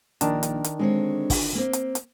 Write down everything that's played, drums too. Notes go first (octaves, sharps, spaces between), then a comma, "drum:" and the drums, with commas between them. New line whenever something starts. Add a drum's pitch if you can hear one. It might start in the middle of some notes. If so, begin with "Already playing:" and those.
A#1 D#3 D4 A#4 A5, drum: hi-hat
drum: hi-hat
drum: hi-hat
D3 G#3 C4 C#5
drum: kick, open hi-hat
A#3 C4
drum: hi-hat
drum: hi-hat